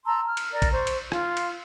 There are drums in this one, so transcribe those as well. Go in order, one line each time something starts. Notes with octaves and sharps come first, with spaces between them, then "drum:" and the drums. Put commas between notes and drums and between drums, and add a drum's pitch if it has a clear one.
A5 A#5 C6 E6
F6
drum: cymbal
A#4 D5
drum: kick A1, cymbal
C5 C#6
drum: cymbal
F4, drum: rim click
drum: cymbal